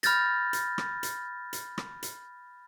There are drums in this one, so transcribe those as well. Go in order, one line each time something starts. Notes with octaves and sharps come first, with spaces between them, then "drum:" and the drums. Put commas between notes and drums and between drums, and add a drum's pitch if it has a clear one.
B5 F6 G6 A6 A#6, drum: hi-hat
drum: hi-hat
drum: rim click
drum: hi-hat
drum: hi-hat
drum: rim click
drum: hi-hat